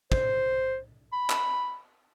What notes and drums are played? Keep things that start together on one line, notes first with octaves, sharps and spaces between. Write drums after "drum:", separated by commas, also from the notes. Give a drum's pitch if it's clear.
C5, drum: kick
B5
drum: clap